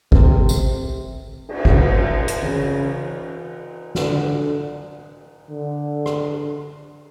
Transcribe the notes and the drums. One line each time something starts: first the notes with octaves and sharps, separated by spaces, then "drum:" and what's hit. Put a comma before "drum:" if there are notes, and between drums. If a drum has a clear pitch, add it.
C3, drum: kick
drum: tambourine
drum: cymbal
C#3, drum: kick
drum: hi-hat
C#3, drum: tom
D3, drum: snare
D3
drum: rim click